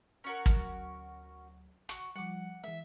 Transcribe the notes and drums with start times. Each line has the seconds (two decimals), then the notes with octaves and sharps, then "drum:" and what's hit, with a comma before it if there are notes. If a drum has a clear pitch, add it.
0.24 C#4 F#4 A#4
0.46 D2 F#3, drum: kick
1.89 F#4, drum: hi-hat
2.16 F3 G3 F#5 D6
2.64 E3 G#3 E5